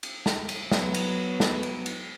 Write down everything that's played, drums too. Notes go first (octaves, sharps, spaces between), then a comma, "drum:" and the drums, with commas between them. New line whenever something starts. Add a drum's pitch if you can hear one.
drum: cymbal
drum: snare
drum: cymbal
F#3 B3, drum: snare
drum: cymbal
drum: snare
drum: cymbal
drum: cymbal